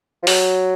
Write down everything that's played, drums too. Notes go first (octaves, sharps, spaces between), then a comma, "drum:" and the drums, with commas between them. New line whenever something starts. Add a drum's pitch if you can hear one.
F3
F#3, drum: open hi-hat